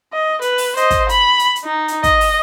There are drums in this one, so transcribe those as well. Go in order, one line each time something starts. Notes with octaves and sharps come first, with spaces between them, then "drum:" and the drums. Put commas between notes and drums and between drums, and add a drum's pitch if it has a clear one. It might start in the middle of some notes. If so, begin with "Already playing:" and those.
D#5
B4, drum: hi-hat
drum: open hi-hat
C5 D#5, drum: hi-hat
drum: kick, hi-hat
B5, drum: hi-hat
drum: hi-hat
drum: hi-hat
D#4
drum: hi-hat
D#5, drum: kick, hi-hat
drum: open hi-hat